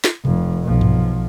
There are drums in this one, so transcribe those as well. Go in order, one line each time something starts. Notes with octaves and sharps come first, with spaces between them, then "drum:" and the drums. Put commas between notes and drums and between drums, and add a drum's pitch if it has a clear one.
drum: snare
F1 F2, drum: tom B2
B1 F3
drum: tom G2